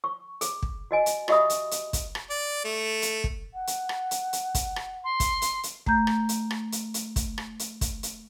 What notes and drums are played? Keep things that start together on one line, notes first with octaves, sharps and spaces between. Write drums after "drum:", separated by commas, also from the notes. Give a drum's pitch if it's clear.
C#6
G#4, drum: hi-hat
drum: kick
F#4 D#5 G#5
drum: hi-hat
F#4 G4 D#5 E5 B5 D#6, drum: rim click
drum: hi-hat
drum: hi-hat
drum: kick, hi-hat
drum: rim click
D5
A3
drum: hi-hat
drum: kick
F#5
drum: hi-hat
drum: rim click
drum: hi-hat
drum: hi-hat
drum: kick, hi-hat
drum: rim click
C6
drum: kick, hi-hat
drum: hi-hat
drum: hi-hat
A3 A#5 G6, drum: kick
drum: rim click
drum: hi-hat
drum: rim click
drum: hi-hat
drum: hi-hat
drum: kick, hi-hat
drum: rim click
drum: hi-hat
drum: kick, hi-hat
drum: hi-hat